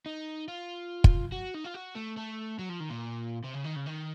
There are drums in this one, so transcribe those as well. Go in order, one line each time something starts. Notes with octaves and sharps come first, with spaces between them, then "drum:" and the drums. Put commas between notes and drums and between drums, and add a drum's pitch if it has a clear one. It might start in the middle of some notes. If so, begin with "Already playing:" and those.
D#4
F4
drum: kick
F#4
D#4
F4
F#4
A3
A3
F#3
F3
D#3
A#2
C3
C#3
D#3
C#3
D#3